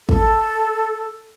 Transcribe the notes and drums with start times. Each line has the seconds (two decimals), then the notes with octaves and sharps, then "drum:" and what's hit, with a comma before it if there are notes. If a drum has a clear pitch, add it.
0.09 A4, drum: kick